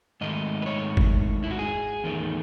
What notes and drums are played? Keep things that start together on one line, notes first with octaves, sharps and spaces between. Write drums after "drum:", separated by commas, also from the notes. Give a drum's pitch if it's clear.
G#2 D#3 A3 D#5
B4
C#5
drum: kick G1
E4
F#4
G#4
E2 D#3 A3